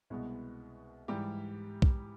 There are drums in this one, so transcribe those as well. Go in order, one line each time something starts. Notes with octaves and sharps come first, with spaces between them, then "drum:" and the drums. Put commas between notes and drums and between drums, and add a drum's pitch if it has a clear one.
C2 B2 G#3 B3
G#2 E3 G3 G4
drum: kick B1